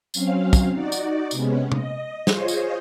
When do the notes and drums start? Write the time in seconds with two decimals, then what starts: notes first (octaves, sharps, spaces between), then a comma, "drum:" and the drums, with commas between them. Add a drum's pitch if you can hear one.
0.14 F#3 C4 C#4 F5, drum: tambourine
0.53 drum: kick, tambourine
0.71 D#4 F#4 D5
0.92 drum: tambourine
1.31 C3 G#3 B3 C#4, drum: tambourine
1.72 D#5, drum: tom
2.27 F4 G#4 C5 C#5 D#5, drum: snare
2.48 drum: tambourine